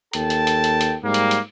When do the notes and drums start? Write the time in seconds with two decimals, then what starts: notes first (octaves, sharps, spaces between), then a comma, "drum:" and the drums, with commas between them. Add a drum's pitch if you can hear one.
0.13 D#2 A4 G5 A5, drum: hi-hat
0.30 drum: hi-hat
0.47 drum: hi-hat
0.64 drum: hi-hat
0.81 drum: hi-hat
1.03 G#2 G3 A#3
1.14 drum: hi-hat
1.31 drum: hi-hat